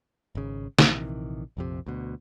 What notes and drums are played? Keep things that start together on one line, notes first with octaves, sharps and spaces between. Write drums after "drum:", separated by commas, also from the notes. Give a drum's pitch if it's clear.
G#1 C#3
A#1 C3 D#3 E3, drum: snare
A#1 F2 C3
D2 B2